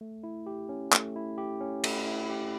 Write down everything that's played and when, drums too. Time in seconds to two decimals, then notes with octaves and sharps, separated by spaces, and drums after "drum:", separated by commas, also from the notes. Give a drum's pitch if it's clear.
0.01 A3
0.24 E4
0.46 G4
0.69 C#4
0.92 A3, drum: clap
1.16 E4
1.38 G4
1.60 C#4
1.84 A3, drum: cymbal
2.07 E4
2.30 G4